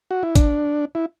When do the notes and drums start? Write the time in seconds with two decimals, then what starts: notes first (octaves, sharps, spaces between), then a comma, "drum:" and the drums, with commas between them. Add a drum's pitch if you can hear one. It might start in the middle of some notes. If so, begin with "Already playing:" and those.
0.11 F#4
0.23 E4
0.35 D4, drum: kick G#1, hi-hat
0.95 E4